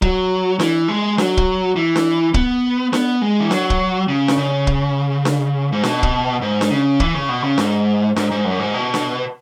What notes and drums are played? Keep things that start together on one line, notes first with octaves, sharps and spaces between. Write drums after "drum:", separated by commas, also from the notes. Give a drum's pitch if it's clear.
F#3, drum: kick
E3, drum: snare D4
G#3
F#3, drum: snare D4
drum: kick
E3
drum: snare D4
B3, drum: kick
B3, drum: snare D4
G#3
E3
F#3, drum: snare D4
drum: kick
C#3
drum: snare D4
C#3
drum: kick
drum: snare D4
G#2
B2, drum: snare D4
drum: kick
G#2
drum: snare D4
C#3
E3, drum: kick
C#3
B2
C#3
G#2, drum: snare D4
G#2, drum: snare D4
G#2
F#2
G#2
B2
drum: snare D4